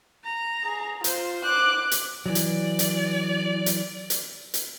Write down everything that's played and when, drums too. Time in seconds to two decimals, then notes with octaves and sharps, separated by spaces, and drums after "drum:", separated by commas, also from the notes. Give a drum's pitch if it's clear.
0.24 A#5
0.65 G#4
1.04 F4 C5, drum: hi-hat
1.44 D6 F#6
1.91 drum: hi-hat
2.26 E3 F#3 D5
2.35 drum: hi-hat
2.79 drum: hi-hat
3.66 drum: hi-hat
4.10 drum: hi-hat
4.54 drum: hi-hat